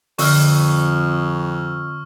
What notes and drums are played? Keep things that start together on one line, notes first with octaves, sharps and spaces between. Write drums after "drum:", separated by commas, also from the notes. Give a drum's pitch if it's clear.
F2 D3 C#6 E6 F6, drum: open hi-hat